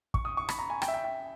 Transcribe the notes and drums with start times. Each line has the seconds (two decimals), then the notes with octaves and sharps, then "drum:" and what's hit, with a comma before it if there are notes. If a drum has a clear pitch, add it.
0.14 C#6, drum: kick
0.25 D#6
0.37 C#6
0.49 B5, drum: rim click
0.59 A#5
0.70 G#5
0.82 G5, drum: rim click
0.88 E5
0.94 G5
1.04 G5